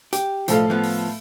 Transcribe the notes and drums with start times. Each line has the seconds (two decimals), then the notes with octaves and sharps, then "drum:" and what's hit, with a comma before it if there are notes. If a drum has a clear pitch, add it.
0.13 G4, drum: hi-hat
0.48 B1 A2 F3 A4 F5, drum: hi-hat
0.70 F3 B3
0.84 drum: open hi-hat